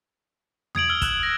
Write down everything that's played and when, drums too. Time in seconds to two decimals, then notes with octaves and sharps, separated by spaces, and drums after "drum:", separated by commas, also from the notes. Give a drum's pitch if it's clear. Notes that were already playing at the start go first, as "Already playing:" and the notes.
0.75 D#6 G#6 D7 F#7, drum: tom E2
0.89 E6 F6 G7
1.02 F#6 E7, drum: kick, hi-hat
1.23 A#6